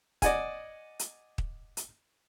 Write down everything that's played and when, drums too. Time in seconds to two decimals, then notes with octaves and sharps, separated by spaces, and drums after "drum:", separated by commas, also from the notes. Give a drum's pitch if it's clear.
0.22 D5 D#5 F#5 G#5, drum: kick, hi-hat
0.99 drum: hi-hat
1.38 drum: kick
1.77 drum: hi-hat